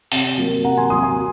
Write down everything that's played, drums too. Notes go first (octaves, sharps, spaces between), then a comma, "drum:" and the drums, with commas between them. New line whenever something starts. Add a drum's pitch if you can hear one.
C3, drum: open hi-hat
F#3 A#3
C3 F#5 A#5
G#5 C6
F#3 A#3 C6 D#6
G#5 C6